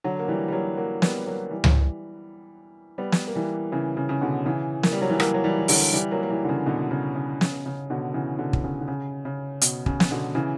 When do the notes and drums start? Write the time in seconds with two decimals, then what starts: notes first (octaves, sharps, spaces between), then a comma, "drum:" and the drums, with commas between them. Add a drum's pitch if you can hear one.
0.04 D3 F#3
0.19 A#3
0.28 E3 G3
0.48 G3
0.52 F#3 A#3
0.77 F#3 A#3
1.02 G3 B3, drum: snare
1.26 F#3 A#3
1.51 E3 G3
1.64 drum: tom C#2
2.98 G3 B3
3.12 drum: snare
3.28 A#3
3.35 E3 G3
3.72 C#3 E3
3.97 C#3
4.09 C#3
4.21 B2 D3
4.46 C#3 E3
4.83 A#3, drum: snare
4.92 G3
5.01 F#3
5.10 E3 G3
5.20 F#3 A#3, drum: rim click
5.34 F#3
5.44 E3 G3
5.59 E3
5.68 D3 F#3, drum: open hi-hat
5.93 E3 G3
6.11 F#3 A#3
6.23 A#3
6.30 E3 G3
6.44 D3
6.49 C#3 E3
6.66 B2 D3
6.91 C#3
7.15 C#3
7.41 C#3, drum: snare
7.66 C#3
7.90 B2 D3
8.14 C#3 E3
8.38 B2 D3
8.53 drum: kick
8.64 C#3
8.81 D3
8.88 C#3
9.25 C#3
9.61 B2, drum: hi-hat
9.86 C#3, drum: kick
10.00 drum: snare
10.11 B2 D3
10.35 C#3 E3